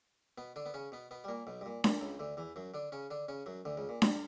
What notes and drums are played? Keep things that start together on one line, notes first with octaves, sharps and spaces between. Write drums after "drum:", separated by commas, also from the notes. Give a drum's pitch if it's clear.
B2 B3
D3 D4
B3
C#3 C#4
B2 B3
B2 B3
G3
A#2 A#3
B1 B2
G2
A#2
A#2, drum: snare D4
C#2 C#3
D2 D3
E2 E3
F#2 F#3
D3 D4
C#3 C#4
D3 D4
C#3 C#4
F#2 F#3
D2 D3
C#2 C#3
A#2
G2, drum: snare D4